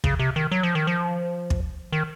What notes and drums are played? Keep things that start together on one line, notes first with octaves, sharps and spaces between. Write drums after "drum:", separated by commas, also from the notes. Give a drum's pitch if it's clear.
C#3, drum: kick
C3
D#3
F#3
F3
D#3
F3
drum: kick
D#3